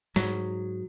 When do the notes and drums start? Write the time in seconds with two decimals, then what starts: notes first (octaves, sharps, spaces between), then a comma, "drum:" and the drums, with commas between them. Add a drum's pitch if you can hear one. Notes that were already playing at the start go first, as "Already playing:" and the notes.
0.16 G#2 F#3, drum: snare